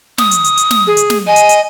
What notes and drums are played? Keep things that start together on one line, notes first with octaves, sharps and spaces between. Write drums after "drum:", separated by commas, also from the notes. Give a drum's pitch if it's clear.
D#6, drum: snare
drum: hi-hat
drum: hi-hat
drum: hi-hat
drum: snare
G#4
drum: hi-hat
drum: snare
D#5 G#5
drum: hi-hat
drum: hi-hat